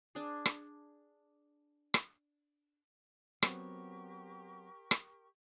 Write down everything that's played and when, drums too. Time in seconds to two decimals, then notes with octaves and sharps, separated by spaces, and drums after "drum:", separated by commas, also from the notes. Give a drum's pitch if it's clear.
0.15 D4 G#4
0.46 drum: rim click
1.94 drum: rim click
3.42 F#3 B3 C4 G4 A#4 C#6, drum: rim click
4.91 drum: rim click